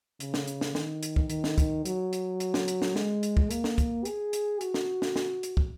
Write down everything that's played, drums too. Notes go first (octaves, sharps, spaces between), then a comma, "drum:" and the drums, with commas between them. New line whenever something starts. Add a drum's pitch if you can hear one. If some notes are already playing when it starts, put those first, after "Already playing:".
C#3, drum: hi-hat
drum: snare
drum: hi-hat
drum: snare
D#3, drum: snare
drum: hi-hat
drum: kick
D#3, drum: hi-hat
drum: snare
drum: kick, hi-hat
F#3, drum: hi-hat
drum: hi-hat
drum: hi-hat
drum: snare
drum: hi-hat
drum: snare
G#3, drum: snare
drum: hi-hat
drum: kick
A#3, drum: hi-hat
drum: snare
drum: kick, hi-hat
G#4, drum: hi-hat
drum: hi-hat
F#4, drum: hi-hat
drum: snare
drum: snare
drum: snare
drum: hi-hat
drum: kick